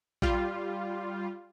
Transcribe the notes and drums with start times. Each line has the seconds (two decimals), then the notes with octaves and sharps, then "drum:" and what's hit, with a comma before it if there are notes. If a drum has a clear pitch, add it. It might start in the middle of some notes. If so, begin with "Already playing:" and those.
0.22 G3 F4, drum: kick A#1